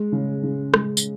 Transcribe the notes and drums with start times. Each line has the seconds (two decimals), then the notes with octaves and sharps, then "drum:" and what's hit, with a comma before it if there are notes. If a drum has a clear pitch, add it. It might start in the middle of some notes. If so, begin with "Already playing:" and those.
Already playing: G#3
0.12 C#3
0.43 C#3
0.74 G#3, drum: rim click
0.97 drum: tambourine